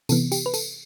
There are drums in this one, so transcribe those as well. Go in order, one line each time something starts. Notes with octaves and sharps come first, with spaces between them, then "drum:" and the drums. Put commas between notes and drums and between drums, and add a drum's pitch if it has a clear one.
C3 E3 B3 A4, drum: tambourine
G4, drum: tambourine
B4
A4, drum: tambourine